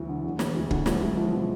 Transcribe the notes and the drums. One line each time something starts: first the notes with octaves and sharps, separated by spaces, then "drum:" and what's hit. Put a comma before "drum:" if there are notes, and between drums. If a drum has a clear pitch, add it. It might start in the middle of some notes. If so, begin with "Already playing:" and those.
Already playing: D2 E3 F#3
D3
E1
E1, drum: snare
D2 F#3
D2 D3, drum: kick
F3 G#3, drum: snare
F#3 E4
F3 G#3
B2 F3